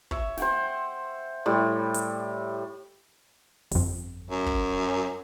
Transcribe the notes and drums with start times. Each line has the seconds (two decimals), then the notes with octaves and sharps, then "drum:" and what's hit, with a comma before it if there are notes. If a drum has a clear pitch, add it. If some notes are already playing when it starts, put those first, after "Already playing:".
0.11 C#5 E5, drum: kick
0.37 C5 F#5 G5, drum: snare
1.46 A2 G3 C6
1.94 drum: hi-hat
3.71 G1 F2, drum: open hi-hat
4.30 F#2
4.46 drum: kick